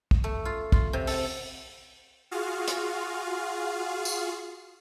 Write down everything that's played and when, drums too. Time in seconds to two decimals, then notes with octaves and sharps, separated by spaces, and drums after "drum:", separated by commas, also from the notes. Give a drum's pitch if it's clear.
0.11 drum: kick
0.24 A3
0.45 F4
0.72 F4, drum: kick
0.93 C3
1.07 A4, drum: open hi-hat
2.31 F4 F#4 G#4 F5
2.68 drum: hi-hat
4.05 drum: tambourine